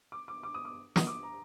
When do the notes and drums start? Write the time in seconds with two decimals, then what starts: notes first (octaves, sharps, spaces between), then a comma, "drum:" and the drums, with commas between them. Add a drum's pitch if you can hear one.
0.12 D6
0.28 D6
0.43 D6
0.54 D#6
0.65 D6
0.96 D#6, drum: snare
1.07 D6
1.23 A#5